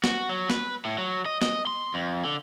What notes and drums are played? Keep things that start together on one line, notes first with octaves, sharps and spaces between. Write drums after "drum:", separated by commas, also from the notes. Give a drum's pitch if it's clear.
F#4, drum: snare
F#3
B4, drum: snare
A2
F#3
D#5
D#5, drum: snare
C6
F2
D3